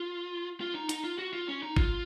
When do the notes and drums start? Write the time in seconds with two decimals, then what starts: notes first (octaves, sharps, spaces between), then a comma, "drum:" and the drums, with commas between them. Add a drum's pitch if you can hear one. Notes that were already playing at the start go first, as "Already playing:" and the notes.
Already playing: F4
0.61 F4
0.75 D#4
0.89 D#4, drum: hi-hat
1.04 F4
1.18 F#4
1.33 F4
1.48 C#4
1.63 D#4
1.76 F4, drum: kick